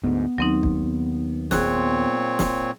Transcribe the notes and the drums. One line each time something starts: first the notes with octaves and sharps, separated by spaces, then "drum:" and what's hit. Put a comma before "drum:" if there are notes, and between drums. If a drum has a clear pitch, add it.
D2 G#2 B3
D#2 F#3 C4 D#4
drum: kick
A#2 C4 G#4 C#5 F#6, drum: snare
drum: snare